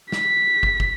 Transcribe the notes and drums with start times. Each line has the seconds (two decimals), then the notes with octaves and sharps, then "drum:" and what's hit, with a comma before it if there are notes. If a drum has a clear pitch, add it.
0.12 B6, drum: snare
0.63 drum: kick
0.80 drum: kick